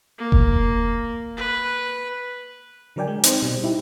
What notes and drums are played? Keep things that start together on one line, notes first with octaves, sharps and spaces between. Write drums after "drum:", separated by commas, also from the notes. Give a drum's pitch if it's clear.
A#3
drum: kick F1
B4
D3 F#3 A#4 D5 G5 G#5
G#3
C4 D#4 C5, drum: hi-hat
B2 G3
D#4 E4 G4